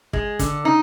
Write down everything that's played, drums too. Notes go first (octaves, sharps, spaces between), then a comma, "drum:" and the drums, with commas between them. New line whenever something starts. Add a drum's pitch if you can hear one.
G#3, drum: kick
D3, drum: kick, hi-hat
D#4